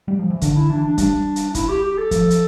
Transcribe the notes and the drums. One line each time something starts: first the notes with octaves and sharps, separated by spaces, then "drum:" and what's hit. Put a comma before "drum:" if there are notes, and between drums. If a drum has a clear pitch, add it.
G3
F3
E3
D3 D4, drum: kick, hi-hat
E4
E3 D4
D4
G3 D4, drum: kick, hi-hat
drum: hi-hat
D4
E4, drum: kick, hi-hat
G4
G4
A4
F3, drum: kick, hi-hat
drum: hi-hat